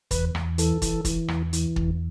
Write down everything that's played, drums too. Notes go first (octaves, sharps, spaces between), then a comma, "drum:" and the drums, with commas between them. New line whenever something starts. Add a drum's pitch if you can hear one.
E2 B4, drum: kick, hi-hat
E2, drum: rim click
E3 A4, drum: hi-hat
E3, drum: kick, hi-hat
E3, drum: kick, hi-hat
E2, drum: rim click
E3, drum: hi-hat
E2, drum: kick